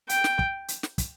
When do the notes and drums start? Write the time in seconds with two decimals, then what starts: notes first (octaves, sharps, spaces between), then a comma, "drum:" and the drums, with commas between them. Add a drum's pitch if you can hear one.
0.09 G5, drum: hi-hat
0.24 drum: snare
0.39 drum: kick
0.68 drum: hi-hat
0.83 drum: snare
0.98 drum: kick, hi-hat